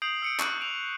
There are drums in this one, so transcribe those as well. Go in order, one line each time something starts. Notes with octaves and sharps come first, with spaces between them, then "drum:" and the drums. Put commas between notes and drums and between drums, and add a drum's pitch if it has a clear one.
D#6 G6 C7 D7 F7 F#7
E6 C#7 D7
C#6 F#6 C#7 F#7, drum: clap
D7 F7